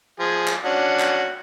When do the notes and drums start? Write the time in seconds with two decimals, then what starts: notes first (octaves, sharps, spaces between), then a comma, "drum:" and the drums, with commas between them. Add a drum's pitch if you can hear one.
0.20 F3 G#4
0.47 drum: clap
0.65 C#4 D4 F#4
0.99 drum: clap